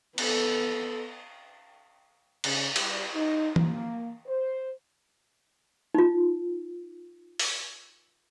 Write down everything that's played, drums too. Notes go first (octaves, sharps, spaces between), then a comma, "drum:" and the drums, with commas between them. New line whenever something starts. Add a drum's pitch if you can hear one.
B3 A4, drum: cymbal
C#3, drum: cymbal
G3, drum: cymbal
D#4
A#3, drum: tom E3
C5
D#4 F4
drum: open hi-hat